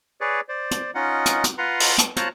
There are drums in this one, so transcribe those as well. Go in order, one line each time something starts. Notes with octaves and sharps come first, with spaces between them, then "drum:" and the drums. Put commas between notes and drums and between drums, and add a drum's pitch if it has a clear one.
G#4 B4 C#5 D5
C5 D5
drum: hi-hat
C#4 D#4 F4 D#5 F#5
drum: hi-hat
drum: hi-hat
F4 B4 F#5 A#5 C6
drum: open hi-hat
drum: hi-hat
F4 C5 C#5 A5 A#5 F#6, drum: hi-hat